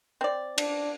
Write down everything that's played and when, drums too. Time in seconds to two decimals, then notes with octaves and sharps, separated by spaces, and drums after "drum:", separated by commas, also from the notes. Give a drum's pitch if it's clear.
0.21 C4 D5
0.58 D4, drum: cymbal